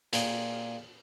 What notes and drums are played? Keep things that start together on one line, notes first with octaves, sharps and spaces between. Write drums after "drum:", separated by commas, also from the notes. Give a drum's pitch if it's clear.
A#2 G#4 G5, drum: hi-hat